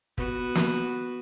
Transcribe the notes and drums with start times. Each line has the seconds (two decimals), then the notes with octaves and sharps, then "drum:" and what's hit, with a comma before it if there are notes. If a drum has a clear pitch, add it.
0.18 B3 F#4, drum: kick
0.55 drum: snare